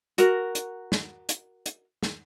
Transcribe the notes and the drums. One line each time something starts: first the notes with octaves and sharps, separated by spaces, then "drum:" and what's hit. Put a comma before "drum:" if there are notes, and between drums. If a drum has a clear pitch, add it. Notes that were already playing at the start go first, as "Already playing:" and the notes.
F#4 A#4, drum: hi-hat
drum: hi-hat
drum: snare
drum: hi-hat
drum: hi-hat
drum: snare